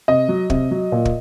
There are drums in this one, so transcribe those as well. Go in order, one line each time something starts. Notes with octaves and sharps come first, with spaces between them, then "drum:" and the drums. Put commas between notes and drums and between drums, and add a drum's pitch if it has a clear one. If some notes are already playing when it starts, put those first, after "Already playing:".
C3 D#5
F#3
C3, drum: kick
F#3
A#2
drum: kick